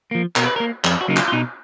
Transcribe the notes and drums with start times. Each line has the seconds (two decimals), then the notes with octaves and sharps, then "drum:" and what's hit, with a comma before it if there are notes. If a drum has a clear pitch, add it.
0.11 F3 A#3
0.36 B2 A#4, drum: clap
0.46 B4
0.56 A#4
0.60 A#3
0.84 F2 G#4, drum: clap
1.01 F#4
1.08 C#3 F#3 A#3 D#4
1.17 F4, drum: clap
1.28 F4
1.32 B2 D#4